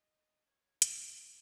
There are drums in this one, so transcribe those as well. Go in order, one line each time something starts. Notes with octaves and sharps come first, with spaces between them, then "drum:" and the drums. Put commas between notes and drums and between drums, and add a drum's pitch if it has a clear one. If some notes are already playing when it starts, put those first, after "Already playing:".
Already playing: D#5
C#5
A#4, drum: hi-hat